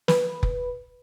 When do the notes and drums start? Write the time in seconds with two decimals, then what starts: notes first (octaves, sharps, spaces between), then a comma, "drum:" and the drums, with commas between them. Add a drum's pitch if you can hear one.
0.08 B4, drum: snare
0.43 drum: kick F1